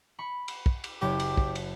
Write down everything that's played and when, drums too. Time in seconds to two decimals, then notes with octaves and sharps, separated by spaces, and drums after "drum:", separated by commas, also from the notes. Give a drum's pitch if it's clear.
0.19 B5 C#6
0.48 drum: cymbal
0.66 drum: kick
0.84 drum: cymbal
1.02 F#1 G4
1.20 drum: cymbal
1.37 drum: kick
1.55 drum: cymbal